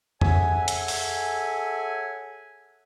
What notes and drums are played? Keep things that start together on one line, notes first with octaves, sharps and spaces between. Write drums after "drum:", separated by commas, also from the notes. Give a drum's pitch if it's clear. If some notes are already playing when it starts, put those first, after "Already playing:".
G#4 A4 C#5 E5 F#5 G#5, drum: tom F2
drum: hi-hat
drum: open hi-hat